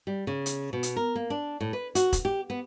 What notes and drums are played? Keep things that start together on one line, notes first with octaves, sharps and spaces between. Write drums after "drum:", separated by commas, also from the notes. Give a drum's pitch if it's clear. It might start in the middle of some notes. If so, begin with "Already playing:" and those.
G3
C#3
drum: hi-hat
B2
drum: hi-hat
A#4
A#3
D4
A2
B4
F#4, drum: hi-hat
drum: kick E1, hi-hat
G4
B3